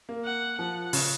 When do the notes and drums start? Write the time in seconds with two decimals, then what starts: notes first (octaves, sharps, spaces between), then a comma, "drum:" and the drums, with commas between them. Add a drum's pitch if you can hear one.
0.09 A#3
0.25 F#5
0.58 F3 F#5
0.93 C#3, drum: open hi-hat